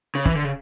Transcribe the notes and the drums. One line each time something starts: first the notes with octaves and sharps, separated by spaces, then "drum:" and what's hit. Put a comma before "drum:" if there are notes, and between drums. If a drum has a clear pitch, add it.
C#3
E3, drum: kick
D3
C#3